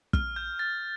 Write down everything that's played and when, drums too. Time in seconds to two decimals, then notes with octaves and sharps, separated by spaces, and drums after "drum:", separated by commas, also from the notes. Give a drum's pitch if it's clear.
0.13 F6, drum: kick
0.36 G6
0.59 A6